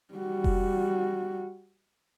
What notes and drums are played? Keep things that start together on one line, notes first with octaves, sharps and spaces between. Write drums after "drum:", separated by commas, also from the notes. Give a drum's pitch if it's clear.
G3 F#4
drum: kick F1